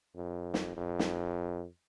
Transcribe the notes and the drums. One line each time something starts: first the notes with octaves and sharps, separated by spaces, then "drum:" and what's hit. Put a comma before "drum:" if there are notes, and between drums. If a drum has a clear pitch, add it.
F2
drum: snare
F2
drum: snare